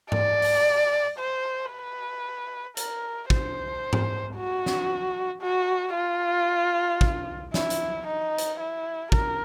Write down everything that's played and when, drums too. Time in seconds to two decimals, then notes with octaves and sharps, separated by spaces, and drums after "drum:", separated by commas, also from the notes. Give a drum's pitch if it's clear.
0.12 D5, drum: tom G#2
0.42 drum: open hi-hat
1.18 C5
1.71 B4
2.77 A#4, drum: hi-hat
3.30 C5, drum: kick
3.93 drum: tom G#2
4.36 F#4
4.66 drum: snare
5.42 F#4
5.95 F4
7.01 drum: kick
7.54 E4, drum: snare
7.70 drum: hi-hat
8.07 D#4
8.38 drum: hi-hat
8.60 E4
9.12 A#4, drum: kick